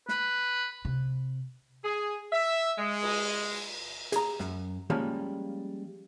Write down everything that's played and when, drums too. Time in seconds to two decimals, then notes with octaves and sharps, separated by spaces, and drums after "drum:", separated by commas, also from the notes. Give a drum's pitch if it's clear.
0.09 B4, drum: snare
0.85 C3
1.84 G#4
2.31 E5
2.77 G#3
3.02 drum: cymbal
4.12 G#4 A#5, drum: hi-hat
4.40 F#2, drum: snare
4.90 F3 G3 G#3 A#3 C#4